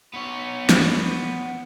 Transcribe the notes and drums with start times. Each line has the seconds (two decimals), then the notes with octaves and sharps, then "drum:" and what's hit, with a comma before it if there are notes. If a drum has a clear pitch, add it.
0.14 B3 C#5
0.69 drum: snare